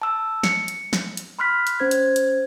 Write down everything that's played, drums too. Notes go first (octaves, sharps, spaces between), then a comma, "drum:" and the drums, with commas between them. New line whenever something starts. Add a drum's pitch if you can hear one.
A5 E6
C#7, drum: snare
drum: hi-hat
drum: snare
drum: hi-hat
B5 C6 F6 F#6 B6
drum: hi-hat
C#4 C5 G#6
drum: hi-hat
drum: hi-hat